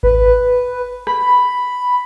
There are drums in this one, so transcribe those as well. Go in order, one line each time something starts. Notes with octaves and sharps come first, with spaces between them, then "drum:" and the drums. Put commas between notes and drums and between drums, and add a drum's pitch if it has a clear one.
B4, drum: kick G#1
B5, drum: rim click